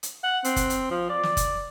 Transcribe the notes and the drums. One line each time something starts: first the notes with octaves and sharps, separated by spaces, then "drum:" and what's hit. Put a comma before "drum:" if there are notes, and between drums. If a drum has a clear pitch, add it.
drum: hi-hat
F#5
C4, drum: hi-hat
drum: kick F#1, hi-hat
drum: hi-hat
F3
D5
drum: snare
drum: kick F#1, hi-hat